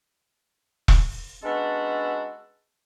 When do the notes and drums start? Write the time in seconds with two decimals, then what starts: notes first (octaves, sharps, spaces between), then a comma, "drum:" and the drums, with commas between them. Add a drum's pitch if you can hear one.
0.88 drum: kick E1
1.44 G#3 B3 C#4 D4 F#4 A4